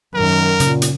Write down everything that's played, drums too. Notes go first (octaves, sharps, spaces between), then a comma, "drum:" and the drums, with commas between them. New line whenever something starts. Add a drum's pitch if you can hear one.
F#2 D#3 A#4
A#2 C#3, drum: hi-hat
drum: hi-hat